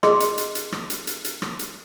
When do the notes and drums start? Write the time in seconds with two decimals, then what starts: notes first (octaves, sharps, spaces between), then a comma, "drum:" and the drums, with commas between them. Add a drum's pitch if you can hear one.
0.03 G#4 D#5 C6, drum: rim click
0.20 drum: hi-hat
0.38 drum: hi-hat
0.55 drum: hi-hat
0.72 drum: rim click
0.90 drum: hi-hat
1.07 drum: hi-hat
1.24 drum: hi-hat
1.42 drum: rim click
1.59 drum: hi-hat